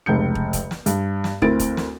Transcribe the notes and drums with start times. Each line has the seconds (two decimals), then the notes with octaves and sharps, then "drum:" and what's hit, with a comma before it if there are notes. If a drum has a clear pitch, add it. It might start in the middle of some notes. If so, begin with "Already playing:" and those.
0.06 F1 C#2 G6 C#7
0.35 drum: kick
0.53 drum: kick, hi-hat
0.71 drum: snare
0.86 G2, drum: hi-hat
1.24 drum: snare
1.42 D2 C4 E4 A#4 A6 D7, drum: kick
1.60 drum: kick, hi-hat
1.77 drum: snare